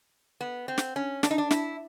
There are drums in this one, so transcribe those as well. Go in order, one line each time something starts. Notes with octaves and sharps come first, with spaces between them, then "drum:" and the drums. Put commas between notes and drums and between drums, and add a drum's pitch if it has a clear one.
B3
C4
drum: snare
C#4
D4, drum: snare
D#4
D4
E4, drum: snare